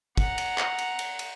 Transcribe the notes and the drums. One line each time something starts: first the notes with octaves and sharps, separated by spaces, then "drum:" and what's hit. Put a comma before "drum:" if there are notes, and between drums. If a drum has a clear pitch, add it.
F#5 A#5, drum: kick, cymbal
drum: cymbal
drum: clap
drum: cymbal
drum: cymbal
drum: cymbal